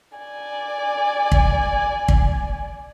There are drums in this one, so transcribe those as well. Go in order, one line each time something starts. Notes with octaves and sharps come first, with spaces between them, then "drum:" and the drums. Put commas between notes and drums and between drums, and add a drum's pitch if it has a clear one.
D5 G#5
drum: kick
drum: kick